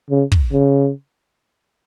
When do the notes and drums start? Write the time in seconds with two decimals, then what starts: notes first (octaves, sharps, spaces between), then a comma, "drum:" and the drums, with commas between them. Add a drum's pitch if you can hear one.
0.10 C#3
0.32 drum: kick
0.52 C#3